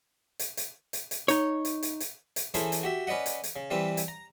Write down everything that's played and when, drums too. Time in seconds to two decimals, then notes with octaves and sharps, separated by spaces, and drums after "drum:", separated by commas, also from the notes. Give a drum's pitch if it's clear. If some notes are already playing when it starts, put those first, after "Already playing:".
0.39 drum: hi-hat
0.57 drum: hi-hat
0.93 drum: hi-hat
1.11 drum: hi-hat
1.28 D#4 C#5, drum: hi-hat
1.65 drum: hi-hat
1.83 drum: hi-hat
2.00 drum: hi-hat
2.36 drum: hi-hat
2.54 E3 C#4 E4 G#4 A4 C5, drum: hi-hat
2.72 drum: hi-hat
2.83 F#4 G4 E5
3.07 C#4 B4 D5 D#5 F#5
3.26 drum: hi-hat
3.44 drum: hi-hat
3.56 C#3
3.71 E3 G3 C4 B4
3.97 drum: hi-hat
4.08 A#5